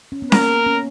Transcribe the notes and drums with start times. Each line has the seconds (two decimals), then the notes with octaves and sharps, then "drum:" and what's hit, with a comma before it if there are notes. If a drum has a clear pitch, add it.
0.12 C#4
0.22 B3
0.32 A#3 A#4, drum: snare C#4
0.66 C#4